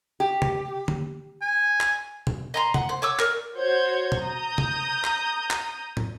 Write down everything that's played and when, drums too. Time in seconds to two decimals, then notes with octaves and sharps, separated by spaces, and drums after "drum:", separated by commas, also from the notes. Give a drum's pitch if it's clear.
0.20 G4
0.42 drum: tom
0.88 drum: tom D3
1.41 G#5
1.81 drum: clap
2.27 drum: tom
2.54 D#5 A#5 C6
2.74 F#5, drum: tom
2.89 C5
3.02 C#5 D6 E6
3.19 A#4 D5, drum: clap
3.57 F#4 C5 C#5 G6 G#6
4.12 drum: tom
4.21 A#5 D#6 G6
4.58 drum: tom
5.04 drum: clap
5.51 drum: clap
5.97 drum: tom